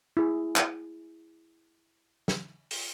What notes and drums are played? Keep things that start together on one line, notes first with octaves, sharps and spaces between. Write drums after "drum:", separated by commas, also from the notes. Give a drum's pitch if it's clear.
E4 G#4
drum: clap
drum: snare
drum: open hi-hat